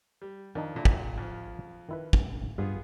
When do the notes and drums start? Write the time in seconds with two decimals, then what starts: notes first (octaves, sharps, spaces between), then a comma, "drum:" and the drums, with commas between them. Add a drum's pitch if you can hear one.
0.22 G3
0.55 F2 D#3 D4 D#4
0.76 A#2 D3 D4 E4
0.85 drum: kick
1.18 F2 F3
1.89 D#3 E4 B4
2.13 drum: kick
2.58 G2 B3 F4 G#4